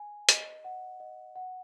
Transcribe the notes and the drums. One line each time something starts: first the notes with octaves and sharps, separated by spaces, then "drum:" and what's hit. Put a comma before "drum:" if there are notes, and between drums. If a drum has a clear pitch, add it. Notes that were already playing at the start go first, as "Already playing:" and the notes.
Already playing: G#5
D#5, drum: hi-hat
F#5
D#5
F#5